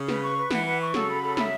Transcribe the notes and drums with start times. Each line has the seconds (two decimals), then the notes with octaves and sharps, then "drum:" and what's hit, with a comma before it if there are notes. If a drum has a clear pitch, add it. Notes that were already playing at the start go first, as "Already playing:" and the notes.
Already playing: C#3
0.08 B4, drum: snare
0.22 C#6
0.37 B4
0.51 E3 F#5, drum: snare
0.65 B4
0.80 C#6
0.94 C#3 F#3 A4, drum: snare
1.09 B5
1.22 A4
1.37 E5, drum: snare